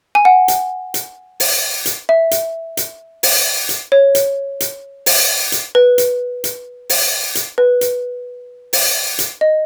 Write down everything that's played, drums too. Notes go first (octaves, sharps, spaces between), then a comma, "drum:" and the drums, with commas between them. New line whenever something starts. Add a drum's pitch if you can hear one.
G#5
F#5
drum: hi-hat
drum: hi-hat
drum: open hi-hat
drum: hi-hat
E5
drum: hi-hat
drum: hi-hat
drum: open hi-hat
drum: hi-hat
C#5
drum: hi-hat
drum: hi-hat
drum: open hi-hat
drum: hi-hat
B4
drum: hi-hat
drum: hi-hat
drum: open hi-hat
drum: hi-hat
B4
drum: hi-hat
drum: open hi-hat
drum: hi-hat
D#5